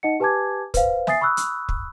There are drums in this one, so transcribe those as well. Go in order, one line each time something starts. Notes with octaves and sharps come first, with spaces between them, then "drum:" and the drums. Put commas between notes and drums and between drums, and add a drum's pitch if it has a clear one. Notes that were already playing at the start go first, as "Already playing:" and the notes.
D#4 D#5 F#5 C#7
G4 B4 G#5 A5 D6 G#6
B4 C5 F5, drum: kick, hi-hat
E5 G#5 D#6 A6 C7, drum: snare
B5 C#6 D#6 E6 F#6
drum: hi-hat
drum: kick